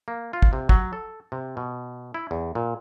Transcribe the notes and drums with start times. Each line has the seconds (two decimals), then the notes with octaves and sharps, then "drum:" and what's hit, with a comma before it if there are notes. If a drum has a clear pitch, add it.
0.08 A#3
0.33 F4
0.42 drum: kick
0.53 C3
0.69 F#3, drum: kick
0.93 A4
1.32 C3
1.57 B2
2.14 E4
2.31 E2
2.55 A#2